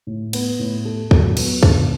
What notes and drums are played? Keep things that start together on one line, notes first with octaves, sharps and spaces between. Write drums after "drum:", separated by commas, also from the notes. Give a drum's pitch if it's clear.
A2
B3, drum: cymbal
A2
A4
F#3, drum: kick
B3, drum: cymbal
D3, drum: kick